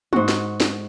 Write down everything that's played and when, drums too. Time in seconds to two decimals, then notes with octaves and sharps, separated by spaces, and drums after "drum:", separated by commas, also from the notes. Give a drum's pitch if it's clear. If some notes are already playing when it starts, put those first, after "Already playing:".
0.13 G#2 F#4, drum: tom G#3
0.29 drum: snare
0.60 drum: snare